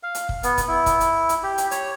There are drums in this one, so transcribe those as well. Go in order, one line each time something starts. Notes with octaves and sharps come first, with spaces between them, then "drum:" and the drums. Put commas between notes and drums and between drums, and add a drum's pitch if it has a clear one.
F5
drum: hi-hat
drum: kick
B3, drum: hi-hat
drum: kick, hi-hat
E4
drum: kick, hi-hat
drum: hi-hat
drum: hi-hat
G4
drum: hi-hat
C#5, drum: hi-hat